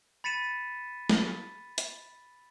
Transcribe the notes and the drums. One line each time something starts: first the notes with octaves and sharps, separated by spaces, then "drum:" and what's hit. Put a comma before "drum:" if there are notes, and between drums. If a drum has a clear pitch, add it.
B5 A6 B6 C#7 D#7 E7
drum: snare
drum: hi-hat